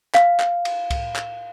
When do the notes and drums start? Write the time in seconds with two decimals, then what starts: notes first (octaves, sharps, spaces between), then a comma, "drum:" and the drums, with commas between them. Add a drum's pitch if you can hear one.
0.15 F5, drum: clap
0.40 drum: clap
0.65 drum: cymbal
0.90 drum: kick C2, cymbal
1.16 drum: clap